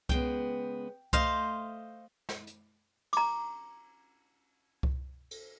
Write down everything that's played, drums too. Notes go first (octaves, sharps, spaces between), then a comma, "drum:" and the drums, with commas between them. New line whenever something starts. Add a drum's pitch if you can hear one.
C#3 G#3 B3 G5, drum: kick C2
A3 C5 D#5 F5, drum: kick C2
drum: snare
drum: hi-hat
A#5 D6, drum: cymbal
drum: kick C2
drum: cymbal